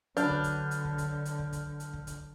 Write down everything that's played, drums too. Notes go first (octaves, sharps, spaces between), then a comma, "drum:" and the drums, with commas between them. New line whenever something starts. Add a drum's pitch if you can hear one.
D3 F#3 D4 B4 A5 F6 G6, drum: hi-hat
drum: kick
drum: kick, hi-hat
drum: hi-hat
drum: kick
drum: kick, hi-hat
drum: hi-hat
drum: kick
drum: kick, hi-hat
drum: hi-hat
drum: kick
drum: kick, hi-hat